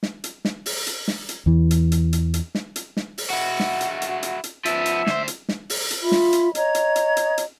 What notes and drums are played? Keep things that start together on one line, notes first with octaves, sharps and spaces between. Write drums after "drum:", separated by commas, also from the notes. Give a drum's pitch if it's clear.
drum: snare
drum: hi-hat
drum: snare
drum: open hi-hat
drum: hi-hat
drum: snare
drum: hi-hat
E2 E3
drum: hi-hat
drum: hi-hat
drum: hi-hat
drum: hi-hat
drum: snare
drum: hi-hat
drum: snare
drum: open hi-hat
E4 F#4
drum: snare
drum: hi-hat
drum: hi-hat
drum: hi-hat
drum: hi-hat
F3 B3 E5, drum: hi-hat
drum: hi-hat
D2 C5, drum: snare
drum: hi-hat
drum: snare
drum: open hi-hat
drum: hi-hat
F4 E5 B5
drum: snare
drum: hi-hat
C#5 D#5 A#5 G#6, drum: hi-hat
drum: hi-hat
drum: hi-hat
drum: hi-hat
drum: hi-hat